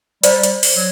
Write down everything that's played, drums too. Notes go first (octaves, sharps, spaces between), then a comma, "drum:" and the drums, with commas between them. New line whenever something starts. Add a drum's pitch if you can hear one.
G3 C5 D5, drum: hi-hat
drum: hi-hat
drum: open hi-hat
F#3